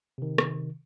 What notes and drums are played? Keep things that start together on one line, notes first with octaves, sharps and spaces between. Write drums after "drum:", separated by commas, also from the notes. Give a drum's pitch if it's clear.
C3 D#3
drum: rim click